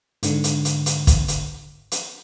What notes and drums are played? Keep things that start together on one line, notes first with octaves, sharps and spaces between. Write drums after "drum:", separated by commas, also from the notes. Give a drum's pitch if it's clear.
G#2 D3, drum: hi-hat
drum: hi-hat
drum: hi-hat
drum: hi-hat
drum: kick, hi-hat
drum: hi-hat
drum: hi-hat